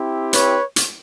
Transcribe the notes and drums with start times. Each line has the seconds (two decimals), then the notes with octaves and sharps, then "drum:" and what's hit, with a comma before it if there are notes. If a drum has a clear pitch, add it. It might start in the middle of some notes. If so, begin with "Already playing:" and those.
Already playing: C4 E4 G4
0.33 B4 C#5, drum: hi-hat
0.76 drum: hi-hat